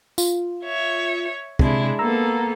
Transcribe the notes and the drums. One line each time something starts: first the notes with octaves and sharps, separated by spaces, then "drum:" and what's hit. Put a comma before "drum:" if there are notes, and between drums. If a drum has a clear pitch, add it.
F4, drum: tambourine
C#5 E5
C3 G#3 D4 E4, drum: kick
A#3 B3 A4 A#5 E6